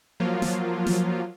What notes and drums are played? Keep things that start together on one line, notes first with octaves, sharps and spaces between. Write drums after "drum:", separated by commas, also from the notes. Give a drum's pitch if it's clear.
F3 F#3 A#3 F4
drum: snare
drum: snare